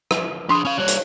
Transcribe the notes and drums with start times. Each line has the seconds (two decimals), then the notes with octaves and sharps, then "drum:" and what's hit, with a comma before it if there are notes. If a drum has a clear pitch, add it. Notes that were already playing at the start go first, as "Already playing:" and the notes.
0.11 drum: rim click
0.49 D4 G#4 B5 C6 D#6
0.65 C#4 F5
0.78 G3 C#5 F#6
0.88 drum: hi-hat